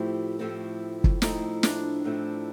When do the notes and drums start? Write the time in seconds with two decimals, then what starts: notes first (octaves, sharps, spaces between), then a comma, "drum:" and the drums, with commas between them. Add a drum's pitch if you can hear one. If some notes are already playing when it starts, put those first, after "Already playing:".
Already playing: A2 F3 A3 C4 E4 G4
0.39 A2 F3 A3 C4 E4
1.04 drum: kick
1.22 A2 F3 A3 C4 D#4 E4, drum: snare
1.63 D4, drum: snare
2.04 A2 F3 A3 C4 E4